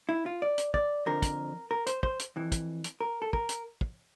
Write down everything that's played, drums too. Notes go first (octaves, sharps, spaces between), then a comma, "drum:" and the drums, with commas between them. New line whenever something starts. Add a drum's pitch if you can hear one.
E4
F4
D5
drum: hi-hat
D5, drum: kick
F2 D3 F3 A#4
drum: kick, hi-hat
A#4
C5, drum: hi-hat
C5, drum: kick
drum: hi-hat
F2 E3
drum: kick, hi-hat
drum: hi-hat
A#4
A4
A#4, drum: kick
drum: hi-hat
drum: kick